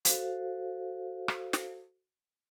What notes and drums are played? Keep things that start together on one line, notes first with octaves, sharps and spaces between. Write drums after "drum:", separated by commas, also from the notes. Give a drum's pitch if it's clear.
F#4 A4 C5 F5, drum: hi-hat
drum: rim click
drum: snare